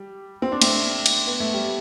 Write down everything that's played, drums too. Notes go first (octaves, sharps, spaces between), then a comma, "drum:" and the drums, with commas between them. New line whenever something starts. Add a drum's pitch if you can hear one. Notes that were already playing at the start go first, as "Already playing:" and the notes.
Already playing: G3
C4
D4
A3 C4, drum: cymbal
drum: cymbal
B3
A3
G3